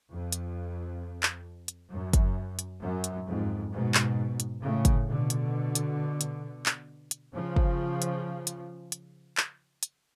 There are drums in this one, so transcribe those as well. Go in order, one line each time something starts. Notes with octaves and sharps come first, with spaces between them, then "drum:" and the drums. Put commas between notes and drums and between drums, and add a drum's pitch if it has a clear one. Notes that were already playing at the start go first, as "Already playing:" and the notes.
F2
drum: hi-hat
drum: clap
drum: hi-hat
F#2
drum: kick, hi-hat
drum: hi-hat
F#2
drum: hi-hat
F2 G#2
G#2 B2
drum: clap
drum: hi-hat
A2 C#3
drum: kick, hi-hat
B2 D3
drum: hi-hat
drum: hi-hat
drum: hi-hat
drum: clap
drum: hi-hat
C#3 F3
drum: kick
drum: hi-hat
drum: hi-hat
drum: hi-hat
drum: clap
drum: hi-hat